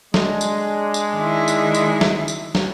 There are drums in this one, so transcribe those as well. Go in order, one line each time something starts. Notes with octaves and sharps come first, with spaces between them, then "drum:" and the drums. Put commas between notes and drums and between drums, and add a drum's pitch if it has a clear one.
G#3 D4, drum: snare
drum: tambourine
drum: tambourine
D#3 E4
drum: tambourine
drum: tambourine
drum: snare
drum: tambourine
drum: snare